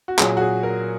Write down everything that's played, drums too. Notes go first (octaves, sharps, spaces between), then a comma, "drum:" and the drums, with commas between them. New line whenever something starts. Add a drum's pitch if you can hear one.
F#4
A#2 F#3 G#4, drum: clap
F#4
G#4
A#4